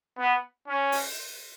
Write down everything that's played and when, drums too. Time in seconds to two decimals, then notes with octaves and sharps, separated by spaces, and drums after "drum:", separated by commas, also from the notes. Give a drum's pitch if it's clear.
0.19 B3
0.68 C#4
0.92 drum: open hi-hat